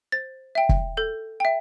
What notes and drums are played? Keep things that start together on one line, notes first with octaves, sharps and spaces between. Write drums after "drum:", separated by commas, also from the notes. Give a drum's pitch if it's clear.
C5 A6
E5 G5
drum: kick
A4 G6
E5 G5